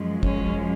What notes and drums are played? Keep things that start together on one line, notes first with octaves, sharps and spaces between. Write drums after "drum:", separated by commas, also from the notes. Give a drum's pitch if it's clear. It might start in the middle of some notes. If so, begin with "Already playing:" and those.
Already playing: F#2 F3 G#3
C#4, drum: kick